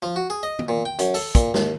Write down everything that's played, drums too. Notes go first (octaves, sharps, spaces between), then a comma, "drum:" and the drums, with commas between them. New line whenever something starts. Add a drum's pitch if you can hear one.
F3
F#4
G#4
D#5
drum: tom
A#2
G5
F#2, drum: hi-hat
A4, drum: open hi-hat
A#2, drum: kick, hi-hat
D#2, drum: snare